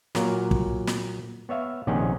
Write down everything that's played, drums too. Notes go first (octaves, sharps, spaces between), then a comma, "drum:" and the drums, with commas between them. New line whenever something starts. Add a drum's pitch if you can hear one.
A#2 F#3 A#4 C#5 F5, drum: snare
drum: kick
drum: snare
B3 C#5 E5 F5
A#1 C3 D#3 C#4 F#5 G5